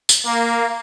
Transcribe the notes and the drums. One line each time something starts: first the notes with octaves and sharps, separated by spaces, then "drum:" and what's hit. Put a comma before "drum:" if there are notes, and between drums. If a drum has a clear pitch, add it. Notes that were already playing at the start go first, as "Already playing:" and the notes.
drum: tambourine
A#3